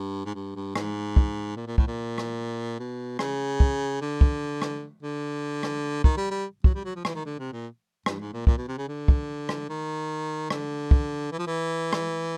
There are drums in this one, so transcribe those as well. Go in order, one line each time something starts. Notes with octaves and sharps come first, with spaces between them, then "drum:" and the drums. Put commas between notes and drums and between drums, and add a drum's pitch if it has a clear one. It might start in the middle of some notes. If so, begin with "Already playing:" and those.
Already playing: G2
G#2
G2
G2
G#2, drum: rim click
drum: kick
A#2
A#2
A2, drum: kick
A#2
drum: rim click
B2
C#3, drum: rim click
drum: kick
D3
drum: kick
drum: rim click
D3
drum: rim click
D#3, drum: kick
G3
G3
F#3, drum: kick
G3
F#3
F3
E3, drum: rim click
D#3
D3
C3
A#2
G2, drum: rim click
G#2
A#2
A#2, drum: kick
B2
C3
C#3
D3
drum: kick
drum: rim click
D#3
D3, drum: rim click
drum: kick
E3
F3
E3
drum: rim click